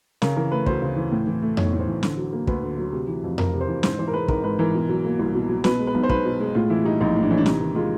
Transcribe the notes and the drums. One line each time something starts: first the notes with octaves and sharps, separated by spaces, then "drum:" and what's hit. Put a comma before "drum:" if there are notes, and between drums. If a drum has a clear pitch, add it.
C#3 A#4, drum: snare
E3 A#4
A3 B4
D2 C5, drum: kick
C#3
E3
A2
E3
A3
B1 C#5, drum: tom F2
A2
C5
E3
D3, drum: snare
F#3
A#3
D2 B4, drum: kick
D3
F#3
C3
E3
F2
F2 A#4, drum: tom F2
C3
C5
E3
G#2 C5, drum: snare
E3 C5
A#4
G#3 B4
G#1 A#4, drum: kick
G#2 B4
E3 A#4
B2
F#3
A#3
C2
B2
F#3
B2 B4, drum: snare
G#3
B4
B1
C5
B1 B4, drum: kick
B2
G#3
A2 F4
E3 E4
G3 D#4
A#1 D#4
A2
D4
E3 C#4
D4
C3 D#4, drum: snare
D#3
G#3 F4